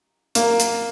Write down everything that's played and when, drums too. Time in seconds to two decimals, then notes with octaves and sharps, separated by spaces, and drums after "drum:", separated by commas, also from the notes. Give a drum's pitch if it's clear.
0.35 A#3, drum: hi-hat
0.60 drum: hi-hat